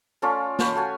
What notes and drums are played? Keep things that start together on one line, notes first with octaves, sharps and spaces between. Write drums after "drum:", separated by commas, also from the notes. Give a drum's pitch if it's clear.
A3 C#4 F4 D5
F4 C#5 G5 B5, drum: snare
A3 F#4 G#5